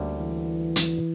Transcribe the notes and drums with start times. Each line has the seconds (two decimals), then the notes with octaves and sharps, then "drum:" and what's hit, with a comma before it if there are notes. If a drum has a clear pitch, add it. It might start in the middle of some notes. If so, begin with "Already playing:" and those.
Already playing: D2 D3 G3 A#3 C#4
0.19 E3
0.76 drum: hi-hat